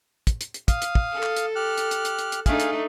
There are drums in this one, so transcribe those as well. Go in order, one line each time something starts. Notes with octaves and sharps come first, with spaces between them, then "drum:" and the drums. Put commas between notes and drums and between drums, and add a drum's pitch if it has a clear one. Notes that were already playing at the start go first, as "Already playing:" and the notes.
drum: kick, hi-hat
drum: hi-hat
drum: hi-hat
F5 D#6, drum: kick, hi-hat
drum: hi-hat
drum: kick
A4
drum: clap
drum: hi-hat
G4 F6 F#6
drum: hi-hat
drum: hi-hat
drum: hi-hat
drum: hi-hat
drum: hi-hat
A3 D4 D#4 G#4 F5, drum: kick, hi-hat
drum: hi-hat